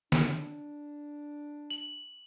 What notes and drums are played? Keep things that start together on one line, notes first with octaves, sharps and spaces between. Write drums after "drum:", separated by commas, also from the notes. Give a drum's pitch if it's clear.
D4, drum: snare
F#7